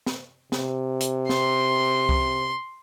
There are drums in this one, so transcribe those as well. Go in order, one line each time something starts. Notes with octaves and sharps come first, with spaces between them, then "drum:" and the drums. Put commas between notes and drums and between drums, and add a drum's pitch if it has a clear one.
drum: snare
C3, drum: snare
drum: hi-hat
C6, drum: snare
drum: kick C2